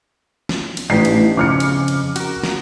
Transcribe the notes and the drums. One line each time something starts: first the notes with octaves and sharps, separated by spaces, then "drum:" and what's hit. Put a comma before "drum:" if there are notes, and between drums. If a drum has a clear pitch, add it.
drum: snare
drum: cymbal
A1 D4 D#4 G4 C7
drum: cymbal
F2 C#3 D6 F6 C#7
drum: cymbal
drum: cymbal
F#4 A#4, drum: cymbal
drum: snare